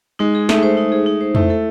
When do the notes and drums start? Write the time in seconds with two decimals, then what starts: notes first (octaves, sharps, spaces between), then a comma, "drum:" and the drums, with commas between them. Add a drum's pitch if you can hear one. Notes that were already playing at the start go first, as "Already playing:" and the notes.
0.19 G#3 D#4
0.35 G#4
0.49 A3 D#4, drum: snare
0.63 C5
0.77 D#4
0.92 G#4
1.06 D#4
1.21 C5
1.35 A3 E4, drum: tom
1.50 A4